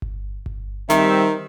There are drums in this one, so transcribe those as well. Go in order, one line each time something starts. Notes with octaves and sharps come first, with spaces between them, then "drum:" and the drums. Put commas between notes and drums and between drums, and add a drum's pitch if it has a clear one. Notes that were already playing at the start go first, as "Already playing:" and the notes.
drum: kick G1
drum: kick G1
D#3 G3 C4 E5, drum: snare